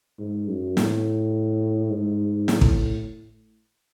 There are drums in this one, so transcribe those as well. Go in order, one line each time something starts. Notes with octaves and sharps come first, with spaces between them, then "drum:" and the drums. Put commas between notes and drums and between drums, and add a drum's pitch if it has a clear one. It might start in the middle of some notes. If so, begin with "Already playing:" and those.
G#2
F#2
A2, drum: snare
G#2
A2, drum: snare
drum: kick